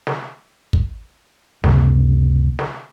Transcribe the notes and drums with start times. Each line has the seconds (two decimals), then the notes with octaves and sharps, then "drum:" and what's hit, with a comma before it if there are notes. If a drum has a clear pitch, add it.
0.07 drum: snare
0.73 drum: kick
1.64 C#2 F#2 C3 A#3, drum: snare
2.59 drum: snare